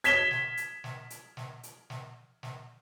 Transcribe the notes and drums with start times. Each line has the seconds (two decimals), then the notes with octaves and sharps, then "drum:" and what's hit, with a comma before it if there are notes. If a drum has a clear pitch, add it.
0.04 G#6 B6 E7 G7, drum: hi-hat
0.31 drum: snare
0.57 drum: hi-hat
0.84 drum: snare
1.10 drum: hi-hat
1.37 drum: snare
1.63 drum: hi-hat
1.90 drum: snare
2.43 drum: snare